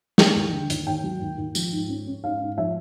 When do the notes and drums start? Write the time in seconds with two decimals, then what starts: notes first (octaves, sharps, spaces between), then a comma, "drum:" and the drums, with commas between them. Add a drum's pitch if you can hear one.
0.18 A3 G5, drum: snare
0.36 D#2
0.53 D3
0.70 D#2, drum: hi-hat
0.87 D#2 G5
1.04 F#3
1.21 D#2
1.38 D#2
1.55 F3, drum: tambourine
1.72 G#2
1.89 C#4
2.07 C#4
2.24 G#2 F5
2.41 G#2
2.58 F3 E5